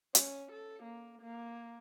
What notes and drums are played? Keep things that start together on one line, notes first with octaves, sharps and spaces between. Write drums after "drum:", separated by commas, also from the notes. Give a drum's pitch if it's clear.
C#4, drum: hi-hat
A4
A#3
A#3